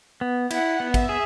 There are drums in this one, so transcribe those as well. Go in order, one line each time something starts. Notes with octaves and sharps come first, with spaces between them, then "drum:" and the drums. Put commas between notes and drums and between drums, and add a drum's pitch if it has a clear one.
B3
E4 F#5, drum: cymbal
B3
E5, drum: kick, cymbal
G#4